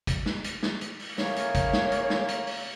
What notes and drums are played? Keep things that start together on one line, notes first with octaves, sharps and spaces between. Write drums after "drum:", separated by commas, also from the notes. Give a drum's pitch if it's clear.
drum: kick, hi-hat
drum: snare
drum: hi-hat
drum: snare
drum: hi-hat
drum: open hi-hat
A2 C#3 A#3 C#5, drum: snare
drum: hi-hat
drum: kick, hi-hat
drum: snare
drum: hi-hat
drum: snare
drum: hi-hat
drum: open hi-hat